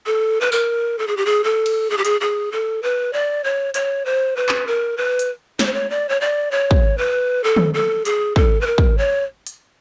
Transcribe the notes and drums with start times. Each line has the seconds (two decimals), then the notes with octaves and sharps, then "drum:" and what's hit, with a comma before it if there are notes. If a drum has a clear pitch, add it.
0.06 A4
0.41 B4
0.52 A#4, drum: tambourine
0.99 A4
1.07 G#4
1.17 G4
1.26 G#4
1.44 A4
1.66 drum: cymbal
1.90 G#4
1.98 G4
2.05 G#4, drum: hi-hat
2.21 G#4
2.52 A4
2.83 B4
3.13 D5
3.44 C#5
3.74 C#5, drum: hi-hat
4.05 C5
4.36 B4
4.49 drum: clap
4.67 A#4
4.97 B4
5.19 drum: hi-hat
5.59 C#5, drum: snare
5.66 C5
5.73 C#5
5.90 D5
6.09 C#5
6.21 D5
6.51 C#5
6.71 drum: kick
6.98 B4
7.44 A4
7.56 drum: tom
7.74 A4
8.05 G#4, drum: hi-hat
8.36 A4, drum: kick
8.61 B4
8.67 A#4
8.78 drum: kick
8.98 C#5
9.47 drum: hi-hat